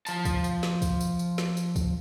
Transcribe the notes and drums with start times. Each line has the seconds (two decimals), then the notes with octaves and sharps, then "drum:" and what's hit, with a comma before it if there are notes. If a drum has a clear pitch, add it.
0.07 F3 A5, drum: tambourine
0.25 drum: kick, tambourine
0.44 drum: tambourine
0.63 drum: snare
0.82 drum: kick, tambourine
1.01 drum: tambourine
1.19 drum: tambourine
1.38 drum: snare
1.57 drum: tambourine
1.76 drum: kick, tambourine